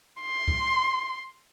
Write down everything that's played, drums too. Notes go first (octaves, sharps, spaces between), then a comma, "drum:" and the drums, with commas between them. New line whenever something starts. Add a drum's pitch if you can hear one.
C6
drum: kick C#2